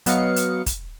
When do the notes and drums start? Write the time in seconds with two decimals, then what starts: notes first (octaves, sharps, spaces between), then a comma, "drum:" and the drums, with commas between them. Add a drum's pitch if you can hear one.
0.06 F#3 B3 D#5 F5 C#7, drum: hi-hat
0.36 drum: hi-hat
0.66 drum: kick, hi-hat